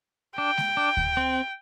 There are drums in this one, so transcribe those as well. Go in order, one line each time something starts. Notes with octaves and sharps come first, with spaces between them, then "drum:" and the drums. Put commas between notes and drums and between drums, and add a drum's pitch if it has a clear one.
D4 G5
drum: snare G#3
D4
drum: kick D2
C4